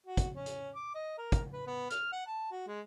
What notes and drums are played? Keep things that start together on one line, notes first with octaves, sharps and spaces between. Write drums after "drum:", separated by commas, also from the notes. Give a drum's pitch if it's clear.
F#4
drum: kick, hi-hat
C#4
drum: hi-hat
D6
D#5
A#4
drum: kick, hi-hat
B4
B3
F6, drum: hi-hat
F#5
A5
F#4
G#3